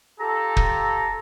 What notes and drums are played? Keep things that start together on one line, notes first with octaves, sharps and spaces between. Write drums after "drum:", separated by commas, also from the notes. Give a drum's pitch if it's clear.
F4 G4 A4 A#5
drum: kick